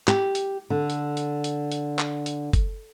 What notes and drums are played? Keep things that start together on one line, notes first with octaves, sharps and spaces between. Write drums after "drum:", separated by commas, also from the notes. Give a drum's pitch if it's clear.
G4, drum: clap
drum: hi-hat
D3
drum: hi-hat
drum: hi-hat
drum: hi-hat
drum: hi-hat
drum: clap
drum: hi-hat
drum: kick F#1, hi-hat